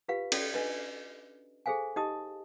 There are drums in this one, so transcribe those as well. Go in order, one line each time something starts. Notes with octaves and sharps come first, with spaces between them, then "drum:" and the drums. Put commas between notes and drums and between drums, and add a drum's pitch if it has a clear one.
F4 G4 B4 F5
C#4 F#4 A4 C#5 D5, drum: cymbal
D4 B4 D#5
G#4 A4 C5 F5 G#5
D#4 G4 D#5 A5 D#6